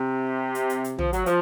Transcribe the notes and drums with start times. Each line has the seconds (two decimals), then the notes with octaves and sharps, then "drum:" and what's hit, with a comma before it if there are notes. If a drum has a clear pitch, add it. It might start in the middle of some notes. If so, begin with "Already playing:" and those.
Already playing: C3
0.55 drum: hi-hat
0.70 drum: hi-hat
0.84 drum: hi-hat
0.99 F3, drum: tom
1.13 F#3, drum: hi-hat
1.26 F3, drum: hi-hat